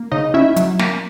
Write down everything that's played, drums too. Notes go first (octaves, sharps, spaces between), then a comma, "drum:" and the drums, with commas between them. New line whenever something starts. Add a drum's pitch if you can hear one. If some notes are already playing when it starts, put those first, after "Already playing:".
Already playing: A#3
C#3 D#4 D#5
C#4 E4 E5
F#3, drum: hi-hat
A#3, drum: snare